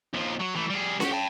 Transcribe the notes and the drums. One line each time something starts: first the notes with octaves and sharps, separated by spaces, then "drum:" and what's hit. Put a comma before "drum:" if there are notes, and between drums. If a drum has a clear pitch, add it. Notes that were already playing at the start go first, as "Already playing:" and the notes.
D#2 F3
F#3 F#4
E3 A3
G3 G#4
F#4 G4, drum: snare C#4
G5 A5